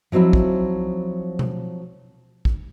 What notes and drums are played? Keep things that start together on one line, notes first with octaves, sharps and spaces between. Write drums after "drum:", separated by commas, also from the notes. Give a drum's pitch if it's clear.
F3 F#3 C4 D#4 E4
drum: kick
drum: tom B2
drum: kick